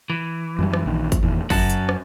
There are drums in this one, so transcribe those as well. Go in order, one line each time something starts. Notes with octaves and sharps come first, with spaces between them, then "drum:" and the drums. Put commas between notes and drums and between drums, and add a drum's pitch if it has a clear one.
E3
F#2 F#3 G3
drum: rim click
A#1 D#3
drum: kick, hi-hat
E2 A#2 D#3
F#2 F#4 A5, drum: kick, open hi-hat
drum: hi-hat
drum: rim click